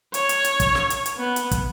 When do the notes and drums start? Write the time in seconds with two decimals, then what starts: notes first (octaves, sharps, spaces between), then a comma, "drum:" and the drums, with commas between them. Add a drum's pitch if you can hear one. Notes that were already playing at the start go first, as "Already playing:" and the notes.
0.14 C#5, drum: hi-hat
0.29 drum: hi-hat
0.44 drum: hi-hat
0.60 drum: kick, hi-hat
0.75 drum: snare
0.90 drum: hi-hat
1.06 drum: hi-hat
1.17 B3
1.36 drum: hi-hat
1.51 drum: kick, hi-hat